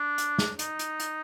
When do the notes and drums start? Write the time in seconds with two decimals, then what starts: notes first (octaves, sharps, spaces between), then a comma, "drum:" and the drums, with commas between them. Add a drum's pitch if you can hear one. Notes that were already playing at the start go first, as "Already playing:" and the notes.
Already playing: D4
0.18 drum: hi-hat
0.38 drum: snare
0.59 D#4, drum: hi-hat
0.79 drum: hi-hat
1.00 drum: hi-hat